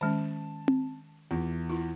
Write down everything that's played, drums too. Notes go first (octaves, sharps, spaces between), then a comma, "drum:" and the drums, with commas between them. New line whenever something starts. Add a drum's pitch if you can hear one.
D#3 G#3 C#4 A5
drum: tom C4
E2 F4
E4 F4